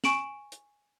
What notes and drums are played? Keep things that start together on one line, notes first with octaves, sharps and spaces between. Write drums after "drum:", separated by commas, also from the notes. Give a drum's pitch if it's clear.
G#5 C#6 D7 E7 F#7, drum: snare
drum: hi-hat